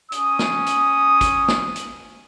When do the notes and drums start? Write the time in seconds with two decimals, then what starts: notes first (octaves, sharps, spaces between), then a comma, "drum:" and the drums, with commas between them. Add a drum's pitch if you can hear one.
0.12 C#4 D#6, drum: hi-hat
0.39 drum: snare
0.66 drum: hi-hat
1.21 drum: kick, hi-hat
1.48 drum: snare
1.76 drum: hi-hat